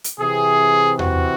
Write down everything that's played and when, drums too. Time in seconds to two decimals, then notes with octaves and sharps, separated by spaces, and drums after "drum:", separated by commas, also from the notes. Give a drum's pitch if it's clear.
0.04 drum: hi-hat
0.20 C3 E3 C4 G#4
0.99 F#4, drum: tom E2